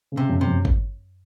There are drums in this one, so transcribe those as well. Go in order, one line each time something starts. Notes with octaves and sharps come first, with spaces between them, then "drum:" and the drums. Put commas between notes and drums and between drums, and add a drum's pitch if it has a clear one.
C#3
C3
F#2
C3
F#2
drum: kick